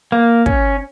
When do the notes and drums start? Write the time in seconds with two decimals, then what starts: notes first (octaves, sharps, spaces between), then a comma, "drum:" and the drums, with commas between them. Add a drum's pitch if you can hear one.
0.12 A#3
0.46 C#4, drum: kick